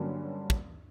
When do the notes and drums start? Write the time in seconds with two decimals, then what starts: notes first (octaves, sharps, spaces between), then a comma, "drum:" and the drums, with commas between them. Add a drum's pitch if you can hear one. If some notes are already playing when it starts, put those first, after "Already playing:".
Already playing: G2 D3 F#3 A#3 C#4
0.50 drum: kick